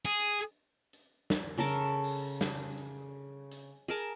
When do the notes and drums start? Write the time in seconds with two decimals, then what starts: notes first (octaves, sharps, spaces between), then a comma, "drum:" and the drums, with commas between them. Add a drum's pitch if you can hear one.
0.05 G#4
0.20 drum: hi-hat
0.93 drum: hi-hat
1.30 drum: snare
1.58 C#3 A4 A#4 A5
1.67 drum: hi-hat
2.04 drum: open hi-hat
2.41 drum: snare
2.78 drum: hi-hat
3.52 drum: hi-hat
3.88 G#4 A#4 A5, drum: hi-hat